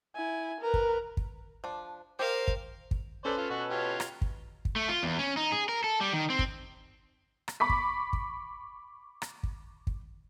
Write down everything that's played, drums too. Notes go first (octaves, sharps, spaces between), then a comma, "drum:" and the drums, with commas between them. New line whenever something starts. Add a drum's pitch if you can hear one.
E4 G#5
A#4 B4
drum: kick
drum: kick
F3 D4
G4 A#4 C5 F5
drum: kick
drum: kick
C#4 A4 B4 C5 D5
F4
B2 F#4
F4 G4 C#5
drum: rim click
drum: kick
drum: kick
A3
F4
E2
C#4
D#4
G#4
A#4
A4
G3
D#3
C4
drum: kick
drum: rim click
B5 C#6 D6 B6
drum: kick
drum: kick
drum: rim click
drum: kick
drum: kick